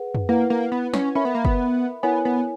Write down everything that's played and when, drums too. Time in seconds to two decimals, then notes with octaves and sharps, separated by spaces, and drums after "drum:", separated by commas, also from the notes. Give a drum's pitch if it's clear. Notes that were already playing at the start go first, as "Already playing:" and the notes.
Already playing: G#4 B4 F#5
0.15 drum: tom
0.29 A#3 E4 B4 F#5
0.50 A#3
0.72 B3
0.94 C#4, drum: snare
1.15 C#4 A#4 E5 B5
1.25 B3
1.35 A#3
1.45 B3, drum: kick F#1
2.03 B3 E4 A#4 C#5 G#5
2.25 B3